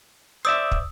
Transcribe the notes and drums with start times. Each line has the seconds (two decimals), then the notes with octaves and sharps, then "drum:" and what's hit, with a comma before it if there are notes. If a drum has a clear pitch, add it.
0.45 C5 D5 E5 D#6 E6
0.71 drum: kick